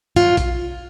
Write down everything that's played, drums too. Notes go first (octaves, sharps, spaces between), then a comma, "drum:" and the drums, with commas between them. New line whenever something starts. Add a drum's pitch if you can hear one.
F#3 F4, drum: tom
drum: kick A#1, hi-hat